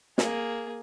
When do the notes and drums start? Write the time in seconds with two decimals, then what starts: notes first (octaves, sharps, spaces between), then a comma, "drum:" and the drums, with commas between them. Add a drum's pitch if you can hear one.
0.18 A#3 G#4, drum: snare